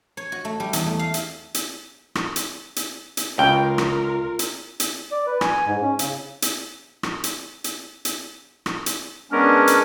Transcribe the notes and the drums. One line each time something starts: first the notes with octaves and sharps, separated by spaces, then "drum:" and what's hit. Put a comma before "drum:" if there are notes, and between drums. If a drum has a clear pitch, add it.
C#5
F#4
A3
G3
E2, drum: hi-hat
A3
F5
drum: hi-hat
drum: hi-hat
drum: rim click
drum: hi-hat
drum: hi-hat
drum: hi-hat
C#2 F4 A#4 G5
drum: rim click
drum: hi-hat
drum: hi-hat
D5
B4
G#5, drum: rim click
G#2
C#4
C#3, drum: hi-hat
drum: hi-hat
drum: rim click
drum: hi-hat
drum: hi-hat
drum: hi-hat
drum: rim click
drum: hi-hat
G#3 B3 C#4 D4 A#4
drum: hi-hat